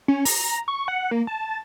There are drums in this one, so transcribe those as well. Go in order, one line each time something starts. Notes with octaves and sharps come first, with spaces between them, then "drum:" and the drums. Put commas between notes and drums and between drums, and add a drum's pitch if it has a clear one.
C#4
A#5, drum: open hi-hat
C#6
F#5
A#3
A5